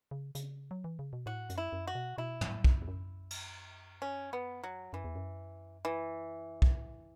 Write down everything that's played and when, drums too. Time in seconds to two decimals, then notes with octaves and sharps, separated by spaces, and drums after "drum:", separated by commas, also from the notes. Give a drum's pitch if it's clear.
0.11 C#3
0.35 C#3, drum: hi-hat
0.71 F#3
0.84 E3
0.99 C#3
1.13 B2
1.26 A2 F#4
1.50 F#2, drum: hi-hat
1.58 E4
1.73 F#2
1.87 F#4
1.95 B2
2.18 B2 E4
2.41 A2, drum: tom
2.65 F#2, drum: kick
2.82 E2
2.88 F#2
3.31 drum: cymbal
4.02 C#4
4.33 B3
4.63 F#3
4.93 F#2 E3
5.04 E2
5.15 F#2
5.85 E3
6.62 drum: kick